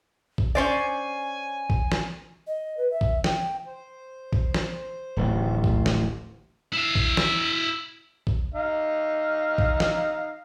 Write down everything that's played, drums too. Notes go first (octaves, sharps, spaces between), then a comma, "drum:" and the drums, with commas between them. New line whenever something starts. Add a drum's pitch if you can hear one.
drum: kick
C#4 C5 D5 G#5
drum: kick
drum: snare
D#5
B4
E5
drum: kick
G5, drum: snare
C5
drum: kick
drum: snare
D1 A1 D#2
drum: kick
drum: snare
E4 F5
drum: kick
drum: snare
drum: kick
D#4 F5
drum: kick
drum: snare